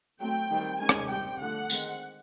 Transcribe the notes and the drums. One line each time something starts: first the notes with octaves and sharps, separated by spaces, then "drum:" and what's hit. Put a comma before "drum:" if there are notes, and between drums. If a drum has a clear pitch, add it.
F#3 A3 C4 G5
D#3 G3 C4
D#3 G#3 C#4 G#5
drum: rim click
G3 C4 G5
D3 F3 A3 F#5
D#3 G#3 C4, drum: tambourine